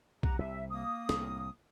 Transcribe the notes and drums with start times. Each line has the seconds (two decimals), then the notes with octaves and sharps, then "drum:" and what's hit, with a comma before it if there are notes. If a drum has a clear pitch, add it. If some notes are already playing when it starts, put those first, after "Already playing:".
0.23 G4 F#5 A#5, drum: kick B1
0.39 C2 C3 E5
0.69 A#3 D#6
1.09 C2 A2, drum: snare